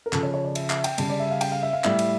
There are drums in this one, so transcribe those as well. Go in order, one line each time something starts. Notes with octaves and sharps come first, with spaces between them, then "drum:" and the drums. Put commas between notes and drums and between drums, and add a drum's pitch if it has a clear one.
A#4
C#3 F3 A4, drum: clap
C#5
C#5
D5
E5, drum: cymbal
E5, drum: clap
G5, drum: cymbal
C#3 G3 A5, drum: cymbal
D5
E5
F5
G5, drum: cymbal
F5
E5
F5
A2 G3 E5, drum: clap
drum: cymbal